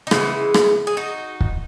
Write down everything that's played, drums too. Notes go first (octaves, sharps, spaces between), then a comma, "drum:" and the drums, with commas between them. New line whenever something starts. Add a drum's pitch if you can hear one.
D#4
C#3 E3 G#3 B3 E4, drum: rim click
drum: rim click
G#4
D#4 F#4
drum: kick